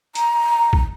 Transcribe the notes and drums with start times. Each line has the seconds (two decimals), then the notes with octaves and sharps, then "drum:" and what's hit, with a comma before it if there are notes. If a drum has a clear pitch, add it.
0.15 A#5, drum: hi-hat
0.73 drum: kick A#1